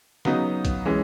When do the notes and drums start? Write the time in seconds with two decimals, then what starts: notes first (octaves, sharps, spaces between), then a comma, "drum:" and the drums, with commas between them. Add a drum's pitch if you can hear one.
0.25 C#3 F#3 B3 D#4, drum: snare
0.65 drum: kick, hi-hat
0.85 E3 G#3 C#4